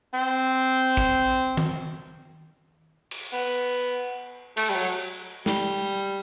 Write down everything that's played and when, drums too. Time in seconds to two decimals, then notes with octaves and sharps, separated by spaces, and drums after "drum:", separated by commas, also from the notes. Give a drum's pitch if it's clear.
0.14 C4
0.97 drum: kick
1.57 drum: tom D#3
3.11 drum: cymbal
3.33 B3
4.57 A3, drum: cymbal
4.70 G3
4.75 F#3
5.46 G3, drum: snare